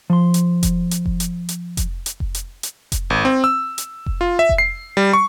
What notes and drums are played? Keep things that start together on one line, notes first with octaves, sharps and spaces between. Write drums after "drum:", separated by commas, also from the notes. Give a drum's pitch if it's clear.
F3 C6
drum: hi-hat
drum: kick F1, hi-hat
drum: hi-hat
drum: kick F1
drum: hi-hat
drum: hi-hat
drum: kick F1, hi-hat
drum: hi-hat
drum: kick F1
drum: hi-hat
drum: hi-hat
drum: kick F1, hi-hat
G#1
C4
E6
drum: hi-hat
drum: kick F1
F4
E5
drum: kick F1
C7
G3
C#6